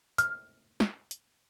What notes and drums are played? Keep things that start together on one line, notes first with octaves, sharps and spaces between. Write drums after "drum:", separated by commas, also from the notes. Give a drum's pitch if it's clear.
F6, drum: hi-hat
drum: snare
drum: hi-hat